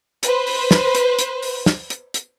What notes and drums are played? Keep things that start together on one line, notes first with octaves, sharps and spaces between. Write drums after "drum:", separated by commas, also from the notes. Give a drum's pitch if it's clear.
B4 C5, drum: hi-hat
drum: open hi-hat
drum: snare
drum: hi-hat
drum: hi-hat
drum: open hi-hat
drum: snare
drum: hi-hat
drum: hi-hat